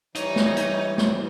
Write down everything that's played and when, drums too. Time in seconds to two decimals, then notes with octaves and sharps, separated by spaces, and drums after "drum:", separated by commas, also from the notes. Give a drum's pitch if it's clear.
0.15 E3 G3 D#4 C#5, drum: hi-hat
0.36 drum: snare
0.57 drum: hi-hat
0.98 drum: snare